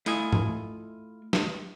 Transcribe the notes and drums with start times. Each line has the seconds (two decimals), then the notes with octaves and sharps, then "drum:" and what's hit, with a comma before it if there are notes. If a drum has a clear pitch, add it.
0.06 A3 E4 F4 D#5 G#5, drum: hi-hat
0.33 drum: tom
1.33 drum: snare